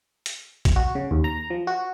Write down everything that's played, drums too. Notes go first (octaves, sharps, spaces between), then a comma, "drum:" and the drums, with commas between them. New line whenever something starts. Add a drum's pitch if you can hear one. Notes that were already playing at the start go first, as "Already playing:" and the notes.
drum: hi-hat
drum: kick A#1, hi-hat
F#4
C#3
D#2
A#5
F3
F#4